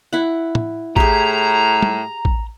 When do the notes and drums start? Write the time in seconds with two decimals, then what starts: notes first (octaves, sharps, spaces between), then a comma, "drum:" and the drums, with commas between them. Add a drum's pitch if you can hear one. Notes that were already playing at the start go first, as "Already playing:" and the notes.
0.13 E4 F#5
0.55 drum: tom
0.96 A2 G4 G#4 A#5, drum: kick
1.83 drum: tom
2.25 drum: kick